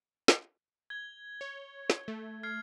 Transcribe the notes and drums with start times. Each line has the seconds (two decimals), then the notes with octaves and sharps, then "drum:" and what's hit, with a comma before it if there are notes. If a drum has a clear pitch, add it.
0.28 drum: snare
0.90 G#6 G7
1.41 C#5
1.90 drum: snare
2.08 A3
2.43 F6 G#6 C7